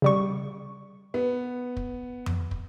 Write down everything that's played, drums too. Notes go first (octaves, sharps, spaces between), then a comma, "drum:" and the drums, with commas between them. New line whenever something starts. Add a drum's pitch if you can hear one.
C#3 G3 C#6
B3
drum: kick
drum: tom F2
drum: kick